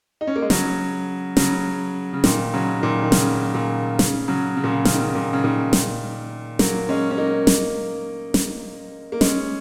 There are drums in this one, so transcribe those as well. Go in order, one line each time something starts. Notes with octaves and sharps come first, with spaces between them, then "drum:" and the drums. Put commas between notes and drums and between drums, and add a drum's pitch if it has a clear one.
D#4
C#4
A#3
G#3
C#3 F#3, drum: snare
C#3 F#3, drum: snare
C#3
A#2 D#3, drum: snare
C#3 F#3
A#2 D#3
D#3
C#3, drum: snare
A#2
C#3, drum: snare
C#3 F#3
C#3
A#2
C#3
C#3, drum: snare
D#3
C#3
A#2
C#3
A#2 D#3
drum: snare
F#3 A#3, drum: snare
G#3 C#4
C#4
A#3 D#4
drum: snare
drum: snare
A#3
G#3 C#4, drum: snare